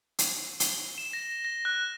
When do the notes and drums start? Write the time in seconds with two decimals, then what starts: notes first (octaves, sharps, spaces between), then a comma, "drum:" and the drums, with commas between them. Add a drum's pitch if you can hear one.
0.19 drum: hi-hat
0.60 G7, drum: hi-hat
0.98 E7
1.13 A#6
1.45 A#6
1.65 F#6